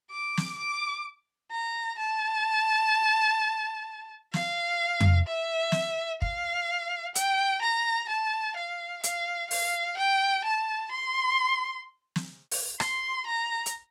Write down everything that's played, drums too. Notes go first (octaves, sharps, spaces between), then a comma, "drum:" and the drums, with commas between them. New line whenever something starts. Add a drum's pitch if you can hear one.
D6
drum: snare
D6
A#5
A5
F5, drum: snare
drum: tom F2
E5
drum: snare
F5, drum: kick
G5, drum: hi-hat
A#5
A5
F5
F5, drum: hi-hat
F5, drum: open hi-hat
G5
A5
C6
drum: snare
drum: open hi-hat
C6, drum: rim click
A#5
drum: hi-hat